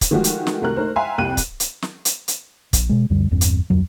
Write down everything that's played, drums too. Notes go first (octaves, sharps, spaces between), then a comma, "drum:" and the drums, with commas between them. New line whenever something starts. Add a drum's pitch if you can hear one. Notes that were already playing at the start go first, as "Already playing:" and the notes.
drum: kick, hi-hat
D#3 F3 G#3 A3 F#4 G4
drum: hi-hat
drum: snare
C2 A3 A#4 F#6
A3 D#4 A#4 C5
E5 F5 G5 G#5 A#5 C6
C2 F2 G5 F#6 D#7
drum: kick, hi-hat
drum: hi-hat
drum: snare
drum: hi-hat
drum: hi-hat
A#1, drum: kick, hi-hat
B2 G#3
C#2 F#2 D3 G3
G1 E2 G2 C4
drum: hi-hat
D1 F2 F#3